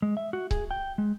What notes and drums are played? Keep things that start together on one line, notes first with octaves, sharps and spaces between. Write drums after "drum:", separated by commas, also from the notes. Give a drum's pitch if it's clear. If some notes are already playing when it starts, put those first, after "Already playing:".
G#3
E5
F#4
G#4, drum: kick C#1
G5
G#3